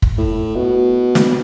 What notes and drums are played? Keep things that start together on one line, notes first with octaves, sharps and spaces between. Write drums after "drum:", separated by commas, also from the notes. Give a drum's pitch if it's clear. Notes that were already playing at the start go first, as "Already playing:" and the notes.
drum: kick
A2
B2
drum: snare